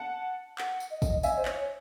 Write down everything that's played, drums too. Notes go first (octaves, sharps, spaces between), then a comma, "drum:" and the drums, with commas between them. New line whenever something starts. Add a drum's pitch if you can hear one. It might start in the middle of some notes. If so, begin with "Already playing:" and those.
Already playing: F#5 A5
F#5, drum: clap
drum: tambourine
D#5
drum: kick, tambourine
D#5 E5 G#5, drum: tambourine
C5
C#5, drum: clap